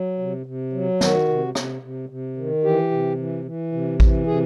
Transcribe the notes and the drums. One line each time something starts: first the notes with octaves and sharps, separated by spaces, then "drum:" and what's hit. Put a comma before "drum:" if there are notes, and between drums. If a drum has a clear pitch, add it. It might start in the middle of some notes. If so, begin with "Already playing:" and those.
Already playing: F#3
C3
C3
F#3
D#3 F#4, drum: snare
C3
C3, drum: rim click
C3
C3
D#3
E3 G4
C3
E3
E3
C3
E3, drum: kick A1
C3 G#4